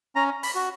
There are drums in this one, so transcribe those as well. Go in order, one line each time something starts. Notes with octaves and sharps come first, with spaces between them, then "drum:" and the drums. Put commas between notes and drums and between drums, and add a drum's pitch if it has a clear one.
C#4 A#5
B5, drum: open hi-hat
F#4